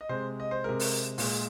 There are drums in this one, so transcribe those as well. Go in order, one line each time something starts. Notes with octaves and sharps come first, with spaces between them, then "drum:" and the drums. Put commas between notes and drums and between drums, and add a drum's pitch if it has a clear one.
D#5
C3 G#3 C5
D#5
C5
C3 G#3 A#4
drum: open hi-hat
A#2 G#3, drum: open hi-hat